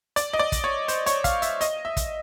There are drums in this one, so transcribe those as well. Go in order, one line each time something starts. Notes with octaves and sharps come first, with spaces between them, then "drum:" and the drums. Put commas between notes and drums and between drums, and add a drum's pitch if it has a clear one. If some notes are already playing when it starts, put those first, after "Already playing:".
D5, drum: hi-hat
D#5
D5
drum: kick, hi-hat
C#5
C5, drum: hi-hat
C#5, drum: hi-hat
F5, drum: kick, hi-hat
E5, drum: hi-hat
D#5, drum: hi-hat
E5
drum: kick, hi-hat